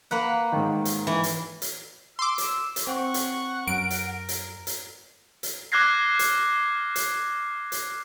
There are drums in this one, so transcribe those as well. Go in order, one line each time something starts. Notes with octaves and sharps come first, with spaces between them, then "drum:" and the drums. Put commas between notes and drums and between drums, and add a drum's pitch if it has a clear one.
A#3 B4 F#5
G#2 D#3
drum: hi-hat
E3
drum: hi-hat
drum: hi-hat
C6 D6 E6
drum: hi-hat
drum: hi-hat
C4 F#5 C#6
drum: hi-hat
F#2 A#4 D7
drum: hi-hat
drum: hi-hat
drum: hi-hat
drum: hi-hat
D6 F6 F#6 G#6 A#6 C7
drum: hi-hat
drum: hi-hat
drum: hi-hat